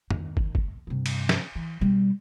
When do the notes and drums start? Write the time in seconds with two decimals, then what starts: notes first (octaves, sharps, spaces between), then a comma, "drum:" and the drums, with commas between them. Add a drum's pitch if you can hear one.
0.11 D#3, drum: tom
0.37 drum: kick
0.55 drum: kick
0.87 G2 C3
1.06 drum: cymbal
1.29 drum: snare
1.55 E3
1.81 B2 G3